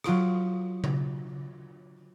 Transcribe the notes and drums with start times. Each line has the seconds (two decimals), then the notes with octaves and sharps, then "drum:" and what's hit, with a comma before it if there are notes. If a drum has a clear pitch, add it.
0.04 F#3 F4 C#6 D7, drum: rim click
0.84 drum: tom C#3